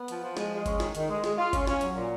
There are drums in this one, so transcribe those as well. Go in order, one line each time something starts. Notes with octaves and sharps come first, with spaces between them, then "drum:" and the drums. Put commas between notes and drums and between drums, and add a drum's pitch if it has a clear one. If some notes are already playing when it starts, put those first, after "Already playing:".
Already playing: B3
F3, drum: hi-hat
F3
G#3, drum: snare
G#3
C#4, drum: kick G1, hi-hat
D#3, drum: snare
D#3, drum: hi-hat
G#3
G#3, drum: snare
F4
C#4, drum: kick G1, hi-hat
C#4, drum: snare
F#3, drum: hi-hat
A#2